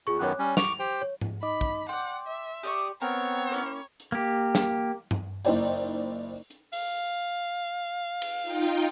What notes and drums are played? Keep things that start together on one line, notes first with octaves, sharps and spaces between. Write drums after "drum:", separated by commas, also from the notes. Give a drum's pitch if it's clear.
E2 F4 G#4 C#6
F#2 D#3 B3 C#5 D6 F#6
G3 C#4
C#6 D6 F7, drum: snare
G4 C5 G5
C#5
drum: tom G#2
D#4 D#5 B5 D6
drum: kick
D5 F#5 G5 C6
E5
G4 D5 C#6 D#6
B3 C4 A#4 C#5 G5 A#5
A#3 C#4 E4
drum: hi-hat
A#3 G4
drum: snare
drum: tom G2
F#1 D#4 E4 C5 D5 G5, drum: open hi-hat
drum: hi-hat
F5, drum: open hi-hat
drum: cymbal
D#4 F4 G5
drum: tambourine